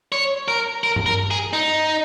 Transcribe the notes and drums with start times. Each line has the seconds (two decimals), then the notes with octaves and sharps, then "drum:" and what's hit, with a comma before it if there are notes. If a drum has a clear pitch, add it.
0.12 C#5
0.48 A#4
0.84 A#4
0.96 drum: tom G2
1.06 A#4
1.31 G#4
1.53 D#4